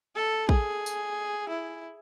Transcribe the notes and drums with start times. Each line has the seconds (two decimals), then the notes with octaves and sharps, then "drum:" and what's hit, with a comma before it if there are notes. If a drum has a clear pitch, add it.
0.15 A4
0.49 G#4, drum: kick
0.86 drum: tambourine
1.49 E4